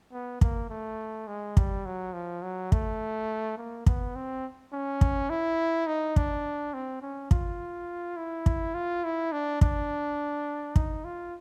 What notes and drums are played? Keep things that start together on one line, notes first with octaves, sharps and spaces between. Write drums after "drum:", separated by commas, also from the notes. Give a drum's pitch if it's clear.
B3
A#3, drum: kick
A3
G#3
G3, drum: kick
F#3
F3
F#3
A3, drum: kick
A#3
B3, drum: kick
C4
C#4
drum: kick
E4
D#4
D4, drum: kick
C4
C#4
F4, drum: kick
E4
drum: kick
F4
E4
D4
D4, drum: kick
D#4, drum: kick
F4